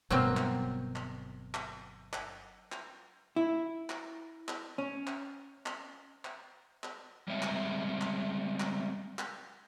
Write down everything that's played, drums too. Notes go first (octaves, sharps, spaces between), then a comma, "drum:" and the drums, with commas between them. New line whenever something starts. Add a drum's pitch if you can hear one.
G1 B2 F#3 A#3 C4
drum: clap
drum: clap
drum: clap
drum: clap
drum: clap
E4
drum: clap
drum: clap
C#4
drum: clap
drum: clap
drum: clap
drum: clap
G3 G#3 C4 C#5 E5
drum: clap
drum: clap
drum: clap
drum: clap